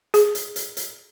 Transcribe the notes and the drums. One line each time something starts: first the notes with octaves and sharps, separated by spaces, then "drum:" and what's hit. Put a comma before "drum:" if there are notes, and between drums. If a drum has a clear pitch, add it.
G#4, drum: hi-hat
drum: hi-hat
drum: hi-hat
drum: hi-hat